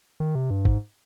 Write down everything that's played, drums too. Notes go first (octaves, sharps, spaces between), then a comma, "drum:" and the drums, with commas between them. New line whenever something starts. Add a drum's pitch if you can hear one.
D#3
C3
G2
G#2, drum: kick